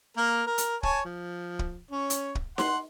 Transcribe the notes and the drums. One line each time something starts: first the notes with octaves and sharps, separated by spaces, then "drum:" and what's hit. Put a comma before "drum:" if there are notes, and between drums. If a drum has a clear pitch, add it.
A#3 A#4
A#4
drum: hi-hat
C#5 G#5 A5, drum: kick
F3
drum: kick
C#4 C#5
drum: hi-hat
drum: kick
F#5 C6, drum: snare D#4